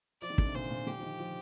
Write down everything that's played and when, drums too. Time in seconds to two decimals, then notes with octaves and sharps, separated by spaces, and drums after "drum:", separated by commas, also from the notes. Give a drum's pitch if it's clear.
0.22 F3 D5
0.30 D#3
0.38 D3, drum: kick
0.46 C3
0.55 A#2 C5
0.70 A#2
0.87 D3 G4
0.99 F3
1.03 D#3
1.19 F3